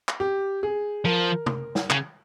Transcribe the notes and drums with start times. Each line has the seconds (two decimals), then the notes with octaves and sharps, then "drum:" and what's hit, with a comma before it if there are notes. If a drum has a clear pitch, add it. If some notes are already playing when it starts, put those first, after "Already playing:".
0.09 drum: clap
0.20 G4
0.63 G#4
1.05 F3 A#4
1.46 drum: tom
1.75 drum: snare
1.90 C#3, drum: clap